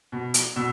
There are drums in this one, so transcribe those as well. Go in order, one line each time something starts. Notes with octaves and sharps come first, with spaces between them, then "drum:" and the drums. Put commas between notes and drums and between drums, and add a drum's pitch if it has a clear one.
B2
drum: hi-hat
B2 E6